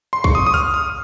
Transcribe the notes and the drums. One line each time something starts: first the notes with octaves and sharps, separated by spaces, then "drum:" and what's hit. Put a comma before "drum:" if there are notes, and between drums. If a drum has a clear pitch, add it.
C6
C#6, drum: kick
D#6
D#6
F6
D#6